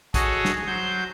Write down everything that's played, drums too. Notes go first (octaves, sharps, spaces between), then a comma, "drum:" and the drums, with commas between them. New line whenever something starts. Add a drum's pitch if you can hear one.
F#4 G#4 A4 C#5 D#5, drum: kick, hi-hat
drum: snare
F#3 C5 G6